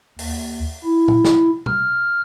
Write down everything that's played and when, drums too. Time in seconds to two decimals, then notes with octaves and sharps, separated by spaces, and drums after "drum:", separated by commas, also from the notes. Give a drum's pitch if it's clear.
0.19 D#2, drum: open hi-hat
0.85 E4
1.08 drum: tom
1.25 drum: snare
1.66 F6, drum: tom B2